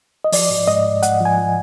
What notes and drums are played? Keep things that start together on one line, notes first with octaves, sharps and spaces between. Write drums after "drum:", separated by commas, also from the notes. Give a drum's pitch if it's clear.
D#5
F3 D5, drum: open hi-hat
G#2
G#2 D#5
G#2
G#2 F#5, drum: hi-hat
F3 G#5
F3